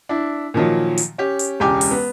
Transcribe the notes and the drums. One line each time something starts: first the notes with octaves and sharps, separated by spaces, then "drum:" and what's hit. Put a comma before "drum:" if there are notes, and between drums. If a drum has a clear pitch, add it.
D4 E4
A#2 D#3 F3 F#3
drum: hi-hat
C#4 G4
drum: hi-hat
E1 C#2 G4 G5 G#5 D6
drum: open hi-hat
B3